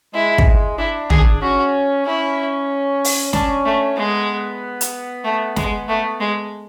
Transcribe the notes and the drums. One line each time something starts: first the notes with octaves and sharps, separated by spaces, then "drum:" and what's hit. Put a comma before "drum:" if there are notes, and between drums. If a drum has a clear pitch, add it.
G#3 E4
drum: kick
D4 E4
G#4, drum: tom
C#4 F#4
C#4 E4
drum: open hi-hat
C#4 D4, drum: snare
A3
G#3 B3
drum: hi-hat
A3
G#3, drum: snare
A3
G#3